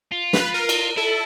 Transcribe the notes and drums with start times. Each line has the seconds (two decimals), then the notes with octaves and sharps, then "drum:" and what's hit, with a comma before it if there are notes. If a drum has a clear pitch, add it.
0.12 F4
0.33 B4, drum: snare
0.54 A#4
0.69 drum: cymbal
0.97 E4 A4